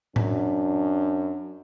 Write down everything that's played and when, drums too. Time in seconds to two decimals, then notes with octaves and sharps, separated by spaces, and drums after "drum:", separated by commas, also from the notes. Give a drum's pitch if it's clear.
0.16 F#2 D4, drum: tom A2